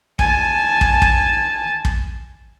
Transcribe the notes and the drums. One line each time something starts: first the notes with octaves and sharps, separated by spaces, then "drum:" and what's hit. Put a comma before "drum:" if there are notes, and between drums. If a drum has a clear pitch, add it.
G#5 A5, drum: kick
drum: kick
drum: kick
drum: kick